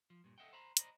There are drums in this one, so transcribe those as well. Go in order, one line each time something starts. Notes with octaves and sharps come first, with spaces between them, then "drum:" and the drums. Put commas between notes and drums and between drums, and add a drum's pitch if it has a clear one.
F3
G2 A#2
A4 B4 D#5 E5 F#5 G5
C5 A#5 B5
C5 D5 D#5 A#5 B5, drum: hi-hat